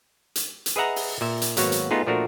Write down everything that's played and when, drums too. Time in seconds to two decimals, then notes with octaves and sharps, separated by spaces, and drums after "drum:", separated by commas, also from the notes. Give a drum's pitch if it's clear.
0.36 drum: hi-hat
0.66 drum: hi-hat
0.76 G#4 B4 D#5 E5 F#5 A#5
0.96 drum: open hi-hat
1.21 A#2 E5
1.42 drum: hi-hat
1.57 G#1 F#3 A#3 B3 F#4 C#5, drum: hi-hat
1.72 drum: hi-hat
1.91 A3 B3 D#4 F4 G#4
2.07 A#2 F3 A3 D4 F#4 A#4